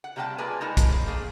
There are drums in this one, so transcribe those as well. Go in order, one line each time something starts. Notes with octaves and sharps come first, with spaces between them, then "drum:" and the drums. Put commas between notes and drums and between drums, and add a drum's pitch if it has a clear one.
F#5
C3 G3 A#3 F#4 G5 A5
A#3 F4 G#4 B4 D5 G#5
G#3 D#4 E4 A#4 A5
drum: kick, hi-hat
C4
A3 A#3 G#4